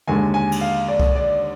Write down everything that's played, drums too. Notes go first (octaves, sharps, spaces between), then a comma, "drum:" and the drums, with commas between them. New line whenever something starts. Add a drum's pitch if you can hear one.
D#2 D3 G#3 G#5
G#5
drum: cymbal
F5
D5
drum: kick C2
D5